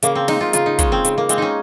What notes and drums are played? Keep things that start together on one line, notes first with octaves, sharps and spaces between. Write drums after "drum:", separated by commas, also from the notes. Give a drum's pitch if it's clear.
C#3 A#3, drum: hi-hat
C4
G#3 D#4, drum: snare
F4
C#3 F4, drum: hi-hat
D#4
G#3 C#4, drum: kick, hi-hat
C4
C#3, drum: hi-hat
A#3
G#3 C4, drum: hi-hat
C#4 D#4